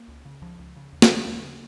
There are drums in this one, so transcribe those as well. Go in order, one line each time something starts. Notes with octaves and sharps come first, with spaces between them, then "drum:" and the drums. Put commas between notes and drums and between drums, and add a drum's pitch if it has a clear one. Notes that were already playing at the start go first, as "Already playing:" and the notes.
Already playing: A#3
C#2
C#3
C#2 F3
C#2
C#3
D#2
D#3, drum: snare
C#3 F3
D#2
C#3